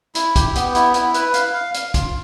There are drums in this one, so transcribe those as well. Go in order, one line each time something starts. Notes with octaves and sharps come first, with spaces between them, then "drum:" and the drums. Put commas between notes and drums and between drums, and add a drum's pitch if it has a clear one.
E4, drum: hi-hat
G4, drum: kick, hi-hat
B3, drum: hi-hat
E4, drum: hi-hat
E4, drum: hi-hat
B4, drum: hi-hat
F5, drum: hi-hat
F5
F5, drum: hi-hat
F4, drum: kick, hi-hat